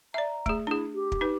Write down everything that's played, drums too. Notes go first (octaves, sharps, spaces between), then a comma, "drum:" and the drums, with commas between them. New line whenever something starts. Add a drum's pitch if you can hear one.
D5 E5 A#5
A3 G#4, drum: kick
D4 E4 G#4
G4
drum: kick
D#4 B4